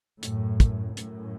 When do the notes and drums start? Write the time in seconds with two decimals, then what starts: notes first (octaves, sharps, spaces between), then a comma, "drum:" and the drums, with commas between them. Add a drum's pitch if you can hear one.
0.23 F#2 A2, drum: hi-hat
0.60 drum: kick, hi-hat
0.97 F#2 A2, drum: hi-hat